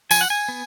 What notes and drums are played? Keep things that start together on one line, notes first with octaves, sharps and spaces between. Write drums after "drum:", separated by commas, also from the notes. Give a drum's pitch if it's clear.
F3 G#5, drum: tambourine
F#5
G#5
B3